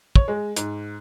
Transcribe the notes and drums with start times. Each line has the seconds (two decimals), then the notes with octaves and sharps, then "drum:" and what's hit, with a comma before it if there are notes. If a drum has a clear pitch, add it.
0.16 C#5, drum: kick
0.28 G#3
0.56 G#2, drum: hi-hat